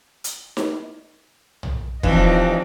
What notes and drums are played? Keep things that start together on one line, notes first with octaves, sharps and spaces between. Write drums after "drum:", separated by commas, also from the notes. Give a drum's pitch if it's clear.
drum: hi-hat
drum: snare D#4
drum: tom
G2 E3 F3 C4 D#4, drum: kick